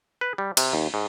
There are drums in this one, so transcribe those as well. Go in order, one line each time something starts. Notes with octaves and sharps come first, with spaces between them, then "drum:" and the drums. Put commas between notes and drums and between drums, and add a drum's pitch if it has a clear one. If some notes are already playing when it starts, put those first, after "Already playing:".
B4
G3
C3, drum: cymbal
D#2
G#2